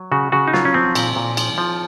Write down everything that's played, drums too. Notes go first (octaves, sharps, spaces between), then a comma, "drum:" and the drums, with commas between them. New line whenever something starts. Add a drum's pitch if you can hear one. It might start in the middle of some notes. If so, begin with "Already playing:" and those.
Already playing: F#3
C#3 F#4
C#3 F#4
D#4
F#3 F4, drum: snare
C#4
F3 C4
A#2, drum: cymbal
A#2
F3, drum: cymbal
F3